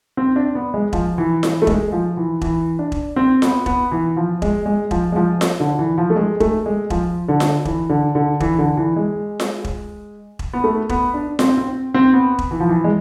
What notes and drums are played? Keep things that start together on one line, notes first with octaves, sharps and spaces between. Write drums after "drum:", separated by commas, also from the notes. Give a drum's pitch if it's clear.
C4
D4
B3
G#3
F3, drum: kick E1
E3
E3, drum: snare F4
A3
G#3, drum: kick E1
F3
E3
E3, drum: kick E1
D4
drum: kick E1
C4
B3, drum: snare F4
B3, drum: kick E1
E3
F3
G#3, drum: kick E1
G#3
F3, drum: kick E1
G#3
F3
drum: snare F4
D3
E3
F3
A3
G#3
A3, drum: kick E1
G#3
F3, drum: kick E1
D3
drum: snare F4
E3, drum: kick E1
D3
D3
E3, drum: kick E1
D3
E3
G#3
drum: snare F4
drum: kick E1
drum: kick E1
B3
A3
B3, drum: kick E1
D4
C4, drum: snare F4
C4
C4
B3
drum: kick E1
E3
F3
E3
G#3